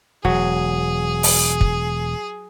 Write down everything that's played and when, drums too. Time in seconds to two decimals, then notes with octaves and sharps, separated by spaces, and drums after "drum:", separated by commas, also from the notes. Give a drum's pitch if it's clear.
0.25 E1 F#3 G#4
1.23 drum: open hi-hat
1.61 drum: kick